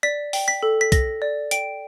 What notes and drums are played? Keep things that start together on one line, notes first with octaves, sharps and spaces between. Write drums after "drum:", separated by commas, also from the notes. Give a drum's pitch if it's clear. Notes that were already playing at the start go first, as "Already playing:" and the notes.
D5 B6
G5, drum: open hi-hat
B6
A4
B6
A4 A#6, drum: kick, hi-hat
D5
G5 D7, drum: hi-hat